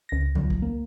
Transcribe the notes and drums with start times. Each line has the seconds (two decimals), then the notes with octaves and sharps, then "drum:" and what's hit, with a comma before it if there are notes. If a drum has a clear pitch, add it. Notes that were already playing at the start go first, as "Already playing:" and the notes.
0.09 C#2 A#6
0.35 D#2 F#3, drum: tom D3
0.50 drum: kick A1
0.62 A#3